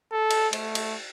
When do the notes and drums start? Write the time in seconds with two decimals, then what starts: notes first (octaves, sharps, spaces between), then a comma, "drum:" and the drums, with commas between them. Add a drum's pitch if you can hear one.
0.12 A4
0.31 drum: cymbal
0.53 A3, drum: cymbal
0.75 drum: cymbal